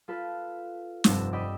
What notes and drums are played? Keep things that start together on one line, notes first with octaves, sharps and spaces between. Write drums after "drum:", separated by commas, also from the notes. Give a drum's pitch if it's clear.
F4 A4 B4
F1 G2 C4 E6, drum: snare
D5 D#5 G5 B5 E6